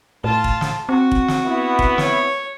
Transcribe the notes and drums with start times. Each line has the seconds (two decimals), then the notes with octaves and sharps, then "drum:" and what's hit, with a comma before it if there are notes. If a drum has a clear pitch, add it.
0.24 A2 F4 A5
0.44 drum: kick
0.61 drum: snare
0.89 C4 F#4
1.12 drum: kick
1.28 drum: snare
1.45 B3 E4
1.79 drum: kick
1.98 C#5, drum: snare